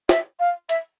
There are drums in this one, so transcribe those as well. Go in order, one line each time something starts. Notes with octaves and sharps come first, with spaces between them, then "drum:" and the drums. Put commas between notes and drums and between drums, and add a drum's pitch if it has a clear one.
E5, drum: snare
F5
E5, drum: hi-hat